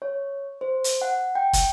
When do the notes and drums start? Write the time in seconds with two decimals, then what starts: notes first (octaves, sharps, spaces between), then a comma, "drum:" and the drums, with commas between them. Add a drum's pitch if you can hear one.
0.02 C#5
0.61 C5
0.84 drum: hi-hat
1.02 F#5
1.35 G5
1.53 drum: kick, hi-hat